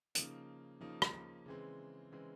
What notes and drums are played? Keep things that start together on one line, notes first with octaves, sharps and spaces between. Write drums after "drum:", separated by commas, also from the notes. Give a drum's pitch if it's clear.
C#3 F3 A#3 D#4, drum: hi-hat
C#3 F3 A#3 D#4
drum: rim click
C#3 E3 G#3 C4
C#3 E3 G#3 C4